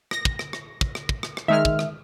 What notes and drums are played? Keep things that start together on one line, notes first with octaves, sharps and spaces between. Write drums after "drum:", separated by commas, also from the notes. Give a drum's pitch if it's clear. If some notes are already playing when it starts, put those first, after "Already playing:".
A#6, drum: rim click
drum: kick
drum: rim click
drum: rim click
drum: kick
drum: rim click
drum: kick
drum: rim click
drum: rim click
D#3 G#3 E5 F6
drum: kick
drum: rim click